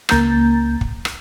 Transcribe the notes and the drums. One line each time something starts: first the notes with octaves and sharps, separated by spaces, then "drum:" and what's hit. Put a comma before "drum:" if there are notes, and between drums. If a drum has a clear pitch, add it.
C#2 A#3 A#5 G6 A6, drum: rim click
drum: kick
drum: rim click